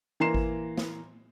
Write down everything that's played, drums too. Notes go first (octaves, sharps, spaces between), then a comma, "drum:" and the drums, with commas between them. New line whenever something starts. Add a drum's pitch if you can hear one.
E3 A#3 A#5 C6 C7 E7
drum: kick G#1
drum: snare